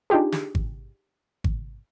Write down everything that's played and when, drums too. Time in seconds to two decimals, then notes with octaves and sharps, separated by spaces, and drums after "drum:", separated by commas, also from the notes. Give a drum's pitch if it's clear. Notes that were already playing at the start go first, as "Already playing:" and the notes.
0.10 D4 D#4 F4 G4 G#4
0.32 drum: snare
0.55 drum: kick G#1
1.44 drum: kick G#1